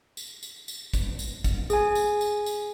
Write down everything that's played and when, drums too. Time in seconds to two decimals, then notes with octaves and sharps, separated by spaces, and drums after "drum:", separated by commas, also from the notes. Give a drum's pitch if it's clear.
0.17 drum: tambourine
0.43 drum: tambourine
0.68 drum: tambourine
0.94 drum: kick, tambourine
1.19 drum: tambourine
1.44 drum: kick, tambourine
1.70 G#4 G#5, drum: tambourine
1.95 drum: tambourine
2.21 drum: tambourine
2.46 drum: tambourine